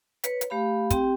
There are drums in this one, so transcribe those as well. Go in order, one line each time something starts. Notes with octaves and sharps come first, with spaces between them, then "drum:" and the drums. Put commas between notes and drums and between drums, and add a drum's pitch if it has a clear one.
B4 C#5, drum: hi-hat
drum: hi-hat
A3 G4 F5 B5
C4 G4 G5, drum: kick, hi-hat